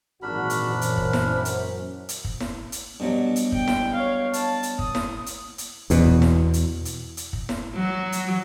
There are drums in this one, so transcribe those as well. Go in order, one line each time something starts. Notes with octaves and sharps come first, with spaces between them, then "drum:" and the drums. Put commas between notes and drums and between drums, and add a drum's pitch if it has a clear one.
G#1 A#2 E3 F#3 D4 F#4 A#4 B5
drum: hi-hat
F#2 C5
drum: hi-hat
drum: kick
drum: snare E4
drum: hi-hat
drum: hi-hat
drum: kick
drum: snare E4
drum: hi-hat
G2 B2 F#3
drum: hi-hat
G5, drum: kick
drum: snare E4
C#5 F5
A5, drum: hi-hat
drum: hi-hat
D#6, drum: kick
drum: snare E4
drum: hi-hat
drum: hi-hat
E2 B2, drum: hi-hat
drum: kick
drum: snare E4
drum: hi-hat
drum: hi-hat
drum: hi-hat
drum: kick
drum: snare E4
F#3
drum: hi-hat